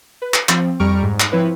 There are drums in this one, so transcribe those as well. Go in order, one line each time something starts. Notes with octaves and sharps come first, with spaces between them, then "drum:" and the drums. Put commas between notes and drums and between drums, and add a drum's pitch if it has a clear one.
B4
drum: clap
F3 C4, drum: clap
F2 G3 A#5 C#6 F6 D7
G#2
drum: clap
F3 C4 E4 B4 C#5